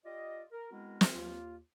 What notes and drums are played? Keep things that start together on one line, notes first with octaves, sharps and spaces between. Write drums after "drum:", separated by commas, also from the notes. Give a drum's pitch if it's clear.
F4 G4 D5 D#5
A#4
G#3 B3 C4 E4 F#4 A#4
drum: snare
D#2 A#3 F4